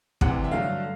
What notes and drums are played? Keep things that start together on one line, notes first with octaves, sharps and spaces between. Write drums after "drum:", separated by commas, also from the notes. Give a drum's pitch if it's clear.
D2 C3 E3 F#5, drum: kick
E5
G2 D3 F#3 A3 F5